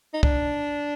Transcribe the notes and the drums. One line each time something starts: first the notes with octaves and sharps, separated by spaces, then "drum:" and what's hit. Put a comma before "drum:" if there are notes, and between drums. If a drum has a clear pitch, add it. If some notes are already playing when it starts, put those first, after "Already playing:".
D#4
D4, drum: kick